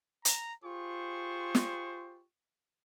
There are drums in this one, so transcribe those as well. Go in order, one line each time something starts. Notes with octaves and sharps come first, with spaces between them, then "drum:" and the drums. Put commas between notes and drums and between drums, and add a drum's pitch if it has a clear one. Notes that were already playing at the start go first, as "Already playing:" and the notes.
A#5, drum: hi-hat
F4 G4 G#4 C5 C#6
drum: snare